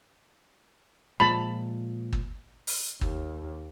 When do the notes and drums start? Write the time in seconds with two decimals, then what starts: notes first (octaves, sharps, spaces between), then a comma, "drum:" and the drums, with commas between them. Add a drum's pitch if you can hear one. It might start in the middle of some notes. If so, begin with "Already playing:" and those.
1.20 A#2 F3 G#3 A5 B5
2.13 drum: kick
2.67 drum: open hi-hat
3.01 D#2, drum: kick